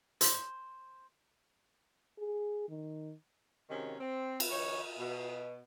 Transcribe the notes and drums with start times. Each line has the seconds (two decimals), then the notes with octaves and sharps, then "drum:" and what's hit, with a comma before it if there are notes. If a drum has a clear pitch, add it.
0.21 C5, drum: hi-hat
2.18 G#4
2.69 D#3
3.70 C3 D#3 F#3 G#3 C#4
4.00 C4
4.40 drum: cymbal
4.50 D3 E3 D#4 C#5
4.98 B2